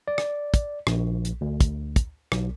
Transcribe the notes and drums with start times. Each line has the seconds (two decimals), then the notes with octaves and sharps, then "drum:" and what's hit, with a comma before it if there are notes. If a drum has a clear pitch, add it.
0.08 D5
0.18 drum: rim click
0.54 drum: kick, hi-hat
0.87 A#1, drum: rim click
1.25 drum: hi-hat
1.41 D2
1.61 drum: kick, hi-hat
1.96 drum: kick, hi-hat
2.32 B1, drum: rim click